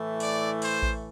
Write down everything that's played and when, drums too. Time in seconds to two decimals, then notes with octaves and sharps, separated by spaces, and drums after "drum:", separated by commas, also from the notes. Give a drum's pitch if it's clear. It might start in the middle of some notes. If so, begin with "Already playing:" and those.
Already playing: A2 E3 A3
0.20 D5, drum: open hi-hat
0.62 C5, drum: open hi-hat
0.82 drum: kick A1